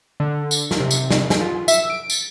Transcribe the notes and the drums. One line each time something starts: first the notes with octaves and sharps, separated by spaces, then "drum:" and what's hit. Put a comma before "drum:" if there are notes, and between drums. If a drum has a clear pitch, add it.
D3
drum: tambourine
drum: snare
C3
drum: tambourine
drum: snare
drum: snare
F4
E5, drum: tambourine
D7
drum: tambourine